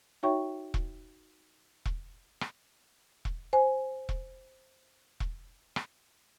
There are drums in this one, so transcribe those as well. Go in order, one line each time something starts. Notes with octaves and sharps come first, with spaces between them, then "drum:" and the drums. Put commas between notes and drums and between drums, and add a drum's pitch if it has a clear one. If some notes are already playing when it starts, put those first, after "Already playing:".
D#4 F#4 C#5 E5 G5 C#6
drum: kick E1
drum: kick E1
drum: rim click
drum: kick E1
C5 G#5
drum: kick E1
drum: kick E1
drum: rim click